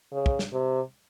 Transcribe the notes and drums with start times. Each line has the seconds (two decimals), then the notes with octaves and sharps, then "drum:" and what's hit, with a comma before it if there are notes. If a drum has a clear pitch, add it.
0.12 C#3
0.26 drum: kick
0.39 drum: snare
0.53 C3